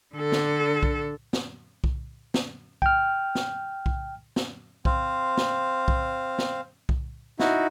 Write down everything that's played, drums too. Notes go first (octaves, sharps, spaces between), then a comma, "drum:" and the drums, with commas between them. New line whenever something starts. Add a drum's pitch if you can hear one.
D3 A4
drum: snare
drum: kick B1
drum: snare
drum: kick B1
drum: snare
G5 F6, drum: kick B1
drum: snare
drum: kick B1
drum: snare
C4 C5 F5, drum: kick B1
drum: snare
drum: kick B1
drum: snare
drum: kick B1
D#4 E4 F#4, drum: snare